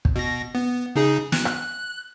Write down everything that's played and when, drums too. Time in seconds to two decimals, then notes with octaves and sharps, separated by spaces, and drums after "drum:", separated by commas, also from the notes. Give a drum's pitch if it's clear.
0.05 drum: kick
0.16 B2 A#6
0.55 B3
0.96 C#3 D#4 G#4
1.32 F#6, drum: snare
1.45 drum: rim click